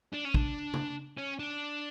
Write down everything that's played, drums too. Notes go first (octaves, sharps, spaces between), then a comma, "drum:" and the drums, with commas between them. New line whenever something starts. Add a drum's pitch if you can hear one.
D4
C#4
D4, drum: kick
drum: tom C#3
C#4
D4